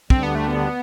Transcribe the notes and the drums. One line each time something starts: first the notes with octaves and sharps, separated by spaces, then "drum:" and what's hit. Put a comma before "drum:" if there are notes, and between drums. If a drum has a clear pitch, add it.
D2 D3 G3 C4 D4, drum: kick
B3
A3
B3